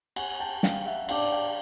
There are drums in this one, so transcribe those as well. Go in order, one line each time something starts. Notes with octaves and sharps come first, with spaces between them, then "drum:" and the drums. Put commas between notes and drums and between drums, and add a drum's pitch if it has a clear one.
F#5 G#5, drum: cymbal
G5 A5
F5 G5, drum: snare
E5 F#5
D4 F5 G5, drum: cymbal
F5 G5